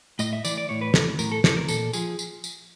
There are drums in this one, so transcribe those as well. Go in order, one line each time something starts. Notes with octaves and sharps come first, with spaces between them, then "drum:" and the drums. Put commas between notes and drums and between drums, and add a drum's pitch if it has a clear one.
A2 D#5, drum: tambourine
E5
E3 D5, drum: tambourine
D5
A2 C#5
B4
E3 A4, drum: snare
A2 A#4, drum: tambourine
A4
E3 A4, drum: snare
A#4
A#2 A4, drum: tambourine
F3 G#4, drum: tambourine
drum: tambourine
drum: tambourine